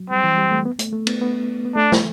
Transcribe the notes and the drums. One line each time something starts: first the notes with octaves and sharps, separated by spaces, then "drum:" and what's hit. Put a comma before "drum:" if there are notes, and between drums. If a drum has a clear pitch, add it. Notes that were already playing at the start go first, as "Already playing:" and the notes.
Already playing: F#3
G3 C4
E3
G3
A3
B3
A3, drum: hi-hat
A3
B3, drum: cymbal
B3
B3
A3 D4
drum: snare